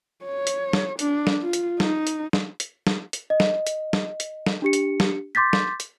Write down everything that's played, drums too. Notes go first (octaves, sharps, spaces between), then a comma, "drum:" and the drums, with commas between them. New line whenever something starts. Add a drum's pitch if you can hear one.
C#5
drum: hi-hat
drum: snare
D4, drum: hi-hat
drum: snare
F4
drum: hi-hat
D#4, drum: snare
drum: hi-hat
drum: snare
drum: hi-hat
drum: snare
drum: hi-hat
D#5
drum: snare
drum: hi-hat
drum: snare
drum: hi-hat
drum: snare
D4 G4 C#7
drum: hi-hat
drum: snare
C6 D6 G6 A6 B6
drum: snare
drum: hi-hat